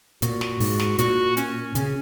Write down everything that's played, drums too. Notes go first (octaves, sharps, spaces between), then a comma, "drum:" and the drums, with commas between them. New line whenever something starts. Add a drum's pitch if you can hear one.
A#2 F#4, drum: hi-hat
drum: snare
G#2, drum: open hi-hat
drum: snare
A#2 F#4, drum: hi-hat
C#4, drum: hi-hat
C#3 C#4, drum: hi-hat